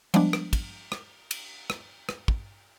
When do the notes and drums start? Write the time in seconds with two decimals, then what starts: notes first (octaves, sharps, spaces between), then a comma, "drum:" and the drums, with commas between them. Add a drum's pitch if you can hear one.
0.14 F3 G3 G#3 B3 D4, drum: cymbal
0.33 drum: rim click
0.53 drum: kick, cymbal
0.92 drum: rim click
1.31 drum: cymbal
1.70 drum: rim click
2.09 drum: rim click
2.28 drum: kick